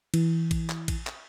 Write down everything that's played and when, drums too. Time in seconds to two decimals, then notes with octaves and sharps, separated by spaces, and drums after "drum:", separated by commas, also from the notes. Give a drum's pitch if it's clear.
0.14 E3, drum: cymbal
0.51 drum: kick, cymbal
0.69 drum: clap
0.88 drum: kick, cymbal
1.07 drum: clap